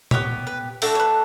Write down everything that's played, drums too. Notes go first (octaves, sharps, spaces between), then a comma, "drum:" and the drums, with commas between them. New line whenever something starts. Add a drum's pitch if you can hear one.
B3 D4 G4 C#5, drum: tom A#2
B4
A3 D4 F#4 A4, drum: open hi-hat
C#5
B4